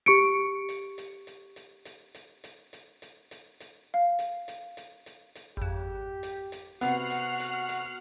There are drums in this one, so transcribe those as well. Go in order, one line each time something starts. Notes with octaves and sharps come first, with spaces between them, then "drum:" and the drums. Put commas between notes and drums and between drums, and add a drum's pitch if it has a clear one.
G4 C#6 C#7 D7
drum: hi-hat
drum: hi-hat
drum: hi-hat
drum: hi-hat
drum: hi-hat
drum: hi-hat
drum: hi-hat
drum: hi-hat
drum: hi-hat
drum: hi-hat
drum: hi-hat
F5
drum: hi-hat
drum: hi-hat
drum: hi-hat
drum: hi-hat
drum: hi-hat
G#1 F2 G4
drum: hi-hat
drum: hi-hat
C3 B3 F#4 F#5 F6 C7, drum: hi-hat
drum: hi-hat
drum: hi-hat
drum: hi-hat